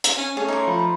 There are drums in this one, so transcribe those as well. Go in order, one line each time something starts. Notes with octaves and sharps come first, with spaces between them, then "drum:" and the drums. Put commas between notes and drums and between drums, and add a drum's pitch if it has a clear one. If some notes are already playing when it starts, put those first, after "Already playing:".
drum: hi-hat
C#4
A3 C#4 G#4 A5
D#4 C6 D6
F3 B5